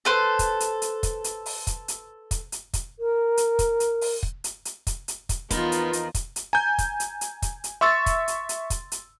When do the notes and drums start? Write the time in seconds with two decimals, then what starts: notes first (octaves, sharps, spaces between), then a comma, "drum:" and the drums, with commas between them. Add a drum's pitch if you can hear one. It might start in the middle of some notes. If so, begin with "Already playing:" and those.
0.05 A4 B4 C5
0.39 drum: kick, hi-hat
0.60 drum: hi-hat
0.82 drum: hi-hat
1.03 drum: kick, hi-hat
1.24 drum: hi-hat
1.46 drum: open hi-hat
1.67 drum: kick, hi-hat
1.88 drum: hi-hat
2.31 drum: kick, hi-hat
2.52 drum: hi-hat
2.74 drum: kick, hi-hat
2.99 A#4
3.37 drum: hi-hat
3.59 drum: kick, hi-hat
3.80 drum: hi-hat
4.01 drum: open hi-hat
4.23 drum: kick
4.44 drum: hi-hat
4.65 drum: hi-hat
4.87 drum: kick, hi-hat
5.08 drum: hi-hat
5.29 drum: kick, hi-hat
5.51 E2 F3 B3 D#4 F4 A#4 D#5, drum: kick, hi-hat
5.72 drum: hi-hat
5.93 drum: hi-hat
6.15 drum: kick, hi-hat
6.36 drum: hi-hat
6.53 G#5 A#5 G6
6.78 drum: kick, hi-hat
7.00 drum: hi-hat
7.21 drum: hi-hat
7.42 drum: kick, hi-hat
7.64 drum: hi-hat
7.81 E5 C6 C#6 E6 A6
8.06 drum: kick, hi-hat
8.28 drum: hi-hat
8.49 drum: hi-hat
8.70 drum: kick, hi-hat
8.92 drum: hi-hat